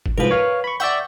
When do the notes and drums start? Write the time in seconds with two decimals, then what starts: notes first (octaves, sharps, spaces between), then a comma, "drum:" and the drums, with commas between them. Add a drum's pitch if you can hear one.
0.06 drum: kick G1
0.18 C2 G#2 F3 A#4 B4
0.31 C#5 F5
0.64 B5 C#6
0.80 D5 E5 F#5 G5 C#6 G6